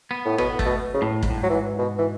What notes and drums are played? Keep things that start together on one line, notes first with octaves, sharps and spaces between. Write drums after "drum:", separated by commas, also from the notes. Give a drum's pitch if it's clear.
B3
A2
B2 B3, drum: tom G#1
A3, drum: kick
B2
C#3
A2
G#2, drum: kick
A2
G#2
F#3
E3
B2
E3